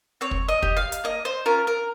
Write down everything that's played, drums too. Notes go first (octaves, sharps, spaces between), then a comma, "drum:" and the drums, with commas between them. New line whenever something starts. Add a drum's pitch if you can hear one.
C4 C#5
drum: kick
D#5
G4, drum: kick
F5
drum: hi-hat
A#3 D#5
C5
C#4 F4 A#4
A#4